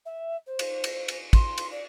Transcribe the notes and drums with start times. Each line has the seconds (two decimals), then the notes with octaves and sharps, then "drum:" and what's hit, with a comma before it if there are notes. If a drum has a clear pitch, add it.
0.05 E5
0.46 C5
0.59 drum: cymbal
0.84 drum: cymbal
1.08 drum: cymbal
1.33 C6, drum: kick, cymbal
1.58 drum: cymbal
1.70 D5